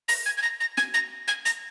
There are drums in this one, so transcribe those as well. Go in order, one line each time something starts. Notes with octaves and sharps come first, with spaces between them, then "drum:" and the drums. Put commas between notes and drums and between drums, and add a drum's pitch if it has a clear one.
A#6, drum: open hi-hat
G#6
G#6
A#6
A#6
G#6, drum: snare
A#6
G#6
A#6, drum: hi-hat